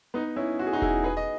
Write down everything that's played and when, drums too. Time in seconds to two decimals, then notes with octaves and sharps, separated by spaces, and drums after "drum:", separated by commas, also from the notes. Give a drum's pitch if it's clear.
0.14 B3 D#4
0.36 C#4 E4
0.59 F#4
0.67 G#4
0.73 D#4 F#4
0.82 E4 G#4, drum: kick E1
1.04 G#4 B4
1.17 D#5